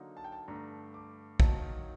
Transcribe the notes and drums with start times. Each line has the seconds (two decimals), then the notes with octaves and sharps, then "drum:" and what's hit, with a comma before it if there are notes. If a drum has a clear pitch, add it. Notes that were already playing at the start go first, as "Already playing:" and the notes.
Already playing: D3 F#3 A#3 D#4
0.17 A5
0.24 G5
0.32 A5
0.48 G2 D3 A3 A#5
0.94 D6
1.40 D#3 F#3 A#3 D#4 A5, drum: kick